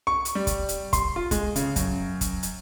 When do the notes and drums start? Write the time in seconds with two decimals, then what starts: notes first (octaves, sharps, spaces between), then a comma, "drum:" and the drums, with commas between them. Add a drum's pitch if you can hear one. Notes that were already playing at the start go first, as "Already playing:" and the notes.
0.07 C#6
0.25 drum: hi-hat
0.35 G3
0.47 drum: kick, hi-hat
0.69 drum: hi-hat
0.93 C6, drum: kick, hi-hat
1.16 F4
1.31 G#3, drum: kick, hi-hat
1.56 C#3, drum: hi-hat
1.76 F#2, drum: kick, hi-hat
2.21 drum: kick, hi-hat
2.43 drum: hi-hat